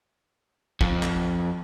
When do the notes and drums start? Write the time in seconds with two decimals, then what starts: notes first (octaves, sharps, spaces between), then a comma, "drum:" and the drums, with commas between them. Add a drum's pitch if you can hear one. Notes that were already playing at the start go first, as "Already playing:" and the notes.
0.81 F2, drum: kick
1.03 drum: clap